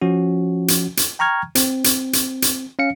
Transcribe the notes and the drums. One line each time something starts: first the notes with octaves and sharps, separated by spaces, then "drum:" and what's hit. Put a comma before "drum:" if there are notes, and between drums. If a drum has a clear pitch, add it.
F3 C#4 F#4
drum: hi-hat
drum: hi-hat
G5 A#5 C#6 F6 G#6
C4, drum: hi-hat
drum: hi-hat
drum: hi-hat
drum: hi-hat
C#4 F5 C#7